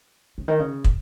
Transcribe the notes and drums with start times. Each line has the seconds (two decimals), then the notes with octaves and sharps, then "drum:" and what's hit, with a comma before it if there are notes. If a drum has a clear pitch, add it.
0.38 C#3
0.48 D#3
0.59 C#3
0.84 drum: kick